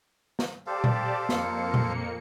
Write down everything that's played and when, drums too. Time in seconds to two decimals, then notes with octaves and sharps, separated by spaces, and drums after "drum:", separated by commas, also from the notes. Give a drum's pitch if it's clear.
0.39 drum: snare
0.67 G4 A4 C5 D5 F5 A5
0.84 drum: tom A#2
1.29 F2 A#3 C#7, drum: snare
1.74 drum: tom A#2